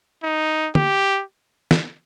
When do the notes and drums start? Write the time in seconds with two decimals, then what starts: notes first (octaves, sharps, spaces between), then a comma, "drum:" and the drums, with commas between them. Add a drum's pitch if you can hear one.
0.23 D#4
0.75 G4, drum: tom
1.71 drum: snare